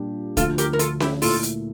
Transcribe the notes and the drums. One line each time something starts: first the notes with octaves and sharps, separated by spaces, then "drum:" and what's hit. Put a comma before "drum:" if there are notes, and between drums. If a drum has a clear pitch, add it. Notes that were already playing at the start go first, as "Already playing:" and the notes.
Already playing: A#2 G3 D4 G4
D2 D3 F3 F4 A4, drum: kick, hi-hat
G4 A#4, drum: hi-hat
A#4
F4 A4, drum: hi-hat
E4 G4, drum: snare C#4
A#2 A3 E4 F4 A4, drum: open hi-hat
drum: hi-hat